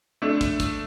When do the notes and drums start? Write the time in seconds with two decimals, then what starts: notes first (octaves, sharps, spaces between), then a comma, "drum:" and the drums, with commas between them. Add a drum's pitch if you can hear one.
0.22 A3 D4
0.41 drum: kick, hi-hat
0.60 drum: kick, hi-hat